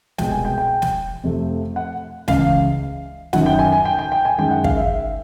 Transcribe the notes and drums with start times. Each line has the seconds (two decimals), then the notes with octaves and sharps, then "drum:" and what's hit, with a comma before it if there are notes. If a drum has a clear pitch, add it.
0.18 C2 B2 G#3 G5, drum: snare
0.31 G#5
0.45 G5
0.58 G5
0.82 drum: snare
1.23 F2 C3 F3 A3
1.76 F#5
2.28 C#2 C#3 E3 F5, drum: snare
3.33 F#2 D#3 F#3 F#5, drum: snare
3.46 G5
3.59 G#5
3.72 G#5
3.85 G5
3.99 G5
4.12 G5
4.25 G#5
4.38 F#2 D#3 G#3 G5
4.51 F#5
4.64 F5, drum: kick
4.77 E5